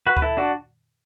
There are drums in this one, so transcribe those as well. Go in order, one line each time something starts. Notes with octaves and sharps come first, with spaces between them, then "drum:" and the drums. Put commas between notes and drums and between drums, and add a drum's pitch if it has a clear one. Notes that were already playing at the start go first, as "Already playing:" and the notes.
F#4 B4
B4, drum: kick D2
E4 A4
D4 F#4